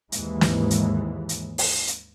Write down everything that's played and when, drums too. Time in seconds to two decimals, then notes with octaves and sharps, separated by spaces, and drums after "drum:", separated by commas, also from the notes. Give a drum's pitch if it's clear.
0.12 D#2 G#2 E3 G#3, drum: hi-hat
0.41 drum: snare
0.70 drum: hi-hat
1.29 drum: hi-hat
1.58 drum: open hi-hat
1.87 drum: hi-hat